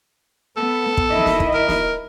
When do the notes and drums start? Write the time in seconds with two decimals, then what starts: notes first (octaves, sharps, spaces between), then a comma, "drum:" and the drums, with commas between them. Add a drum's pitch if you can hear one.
0.57 B3 A4
0.97 drum: kick
1.09 D#3 E4 D#5
1.26 drum: snare
1.40 drum: kick
1.54 A#4
1.68 drum: snare